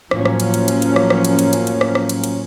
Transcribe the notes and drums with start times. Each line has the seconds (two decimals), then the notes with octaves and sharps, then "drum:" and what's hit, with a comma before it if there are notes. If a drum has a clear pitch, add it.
0.11 A2 F3 F#3 A#3 C#4, drum: rim click
0.25 drum: rim click
0.40 drum: cymbal
0.54 drum: cymbal
0.68 drum: cymbal
0.82 drum: cymbal
0.96 drum: rim click
1.10 drum: rim click
1.25 drum: cymbal
1.39 drum: cymbal
1.53 drum: cymbal
1.67 drum: cymbal
1.81 drum: rim click
1.95 drum: rim click
2.09 drum: cymbal
2.24 drum: cymbal